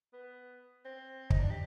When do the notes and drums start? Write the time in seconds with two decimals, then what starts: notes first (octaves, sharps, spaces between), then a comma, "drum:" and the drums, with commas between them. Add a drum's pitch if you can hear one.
0.13 B3
0.85 C4
1.30 D#4, drum: kick
1.40 D4
1.51 G4